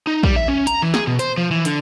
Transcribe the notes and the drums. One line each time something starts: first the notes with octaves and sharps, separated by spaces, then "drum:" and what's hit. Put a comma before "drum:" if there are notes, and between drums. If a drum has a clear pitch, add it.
D#4
G3, drum: kick
E5
C#4
A#5, drum: hi-hat
E3
G#4, drum: snare
B2
C5, drum: hi-hat
F3
E3
D3, drum: hi-hat